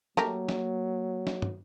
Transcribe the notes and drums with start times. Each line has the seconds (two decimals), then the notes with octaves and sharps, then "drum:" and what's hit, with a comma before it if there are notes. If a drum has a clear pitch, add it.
0.17 F#3 A3 A#3 G4 A#4, drum: snare
0.49 drum: snare
1.27 drum: snare
1.42 drum: tom